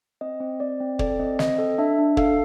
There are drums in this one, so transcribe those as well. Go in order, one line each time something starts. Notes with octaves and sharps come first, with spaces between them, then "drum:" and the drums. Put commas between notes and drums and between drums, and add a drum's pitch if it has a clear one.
C4 D#5
C4
C4 D5
C4
A4 D5, drum: kick
C4 D#5
C4 D#5, drum: snare
A4
D4 E5
D4
A4 F5, drum: kick